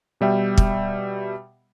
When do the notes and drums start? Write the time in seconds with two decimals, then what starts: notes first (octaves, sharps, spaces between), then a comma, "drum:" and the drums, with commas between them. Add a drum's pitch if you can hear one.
0.21 B2 G3 E5 G5
0.58 drum: kick